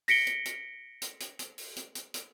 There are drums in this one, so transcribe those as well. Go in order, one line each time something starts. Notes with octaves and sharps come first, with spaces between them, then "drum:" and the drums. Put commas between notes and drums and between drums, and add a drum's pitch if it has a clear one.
A#6 B6 C#7 D7 G7, drum: open hi-hat
drum: hi-hat
drum: hi-hat
drum: hi-hat
drum: hi-hat
drum: hi-hat
drum: open hi-hat
drum: hi-hat
drum: hi-hat
drum: hi-hat